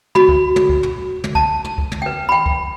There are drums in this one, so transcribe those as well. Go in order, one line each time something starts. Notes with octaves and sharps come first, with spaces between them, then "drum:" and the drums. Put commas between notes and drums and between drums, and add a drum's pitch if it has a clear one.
F#4 B5, drum: tom
drum: kick C#2
drum: tom
drum: kick C#2
drum: tom
drum: tom
A5, drum: kick C#2
drum: tom
drum: kick C#2
drum: tom
B4 G5
G5 B5
drum: kick C#2